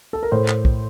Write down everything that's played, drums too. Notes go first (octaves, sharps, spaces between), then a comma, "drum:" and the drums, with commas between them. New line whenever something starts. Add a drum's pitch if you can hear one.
A4
A#4
A2 C5
drum: clap
drum: kick